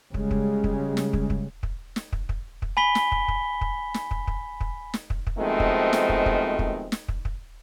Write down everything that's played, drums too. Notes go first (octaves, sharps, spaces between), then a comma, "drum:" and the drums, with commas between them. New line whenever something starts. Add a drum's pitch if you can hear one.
C#3 G3 G#3, drum: kick
drum: kick
drum: kick
drum: snare
drum: kick
drum: kick
drum: kick
drum: snare
drum: kick
drum: kick
drum: kick
G#5 B5 B6 G7
drum: snare
drum: kick
drum: kick
drum: kick
drum: snare
drum: kick
drum: kick
drum: kick
drum: snare
drum: kick
drum: kick
B2 D#3 F3 G#3 A3 C4
drum: kick
drum: snare
drum: kick
drum: kick
drum: kick
drum: snare
drum: kick
drum: kick